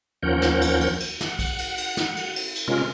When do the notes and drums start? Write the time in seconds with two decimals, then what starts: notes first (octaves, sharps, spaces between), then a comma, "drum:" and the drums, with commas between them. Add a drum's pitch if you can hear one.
0.23 D#2 F3 C#4 A#4 F#5 G6
0.42 drum: snare
0.61 drum: cymbal
0.81 drum: cymbal
1.00 drum: cymbal
1.21 F#5, drum: snare
1.39 drum: kick B1, cymbal
1.58 drum: cymbal
1.78 drum: cymbal
1.97 drum: snare
2.17 drum: cymbal
2.36 drum: cymbal
2.55 drum: cymbal
2.68 C3 G#3 C#4 F4 A#4